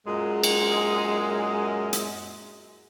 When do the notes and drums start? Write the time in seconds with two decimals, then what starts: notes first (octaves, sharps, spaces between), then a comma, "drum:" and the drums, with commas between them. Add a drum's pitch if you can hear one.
0.07 F#2 A#2 G#3
0.43 drum: cymbal
1.93 drum: hi-hat